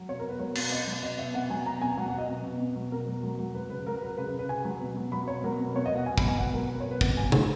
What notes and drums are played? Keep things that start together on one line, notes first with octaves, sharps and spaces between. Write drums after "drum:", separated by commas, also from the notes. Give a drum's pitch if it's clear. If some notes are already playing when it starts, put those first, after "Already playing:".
Already playing: F#3
B2 C#5
A#4
B2 B4
F#3 C#5
B2, drum: cymbal
B2 D#5
F#3
B2 D#5
B2 E5
B2 F#5
F#3 G#5
B2 A#5
B2 G#5
F#3 F#5
F#5
F#3
D#5
B2
B2
B2
F#3
B2 A#4
F#3
F#3
F#3
F#3 B4
C#3 B4
F#3 A#4
F#3 B4
C#3 B4
B4
C#3
B4
C#3 G#5
F#3
B2
F#3
F#3 B5
B2 C#5
F#3 A#4
B2
B2 C#5
D#5
F#3
F#5
B2 G#5
B5, drum: kick
F#3 G#5
B2 F#5
F#3 A#4
B2 B4
C#5
B2
B4
B2 F#5, drum: kick
F#3 G#5
F#3 B5, drum: tom C3